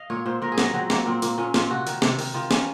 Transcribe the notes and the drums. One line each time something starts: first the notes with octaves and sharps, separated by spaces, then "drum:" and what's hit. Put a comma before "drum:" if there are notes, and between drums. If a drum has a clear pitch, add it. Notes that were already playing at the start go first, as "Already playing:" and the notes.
Already playing: D#5 F5
A#2 C#5
A#2 C5
A#2 A#4
G#4
F#3 A#4, drum: snare
F#3 C4
F#3 A#3, drum: snare
A#2 C4
A#2 A#3, drum: hi-hat
A#2 C#4
A#2 F4, drum: snare
C3 F#4
D#3, drum: hi-hat
C3, drum: snare
D#3, drum: open hi-hat
D#3 F4
D#3 C#4, drum: snare